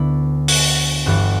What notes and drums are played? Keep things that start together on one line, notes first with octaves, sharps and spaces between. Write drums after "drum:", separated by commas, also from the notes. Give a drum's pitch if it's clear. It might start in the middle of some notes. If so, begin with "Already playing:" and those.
Already playing: D2 D3 B3 D4 E4
F#4, drum: open hi-hat
G1 G2 E3 G3 F#4